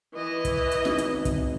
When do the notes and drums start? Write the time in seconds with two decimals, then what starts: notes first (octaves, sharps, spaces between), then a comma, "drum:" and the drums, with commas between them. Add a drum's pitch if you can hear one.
0.15 E3 D#5
0.45 drum: kick, hi-hat
0.72 drum: hi-hat
0.85 G#1, drum: snare
0.98 drum: hi-hat
1.25 drum: kick, hi-hat